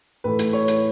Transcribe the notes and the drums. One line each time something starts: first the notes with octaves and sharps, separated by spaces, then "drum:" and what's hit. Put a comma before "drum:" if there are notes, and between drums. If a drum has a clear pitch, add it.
A2 E3 A3 B4
drum: hi-hat
C#5
drum: hi-hat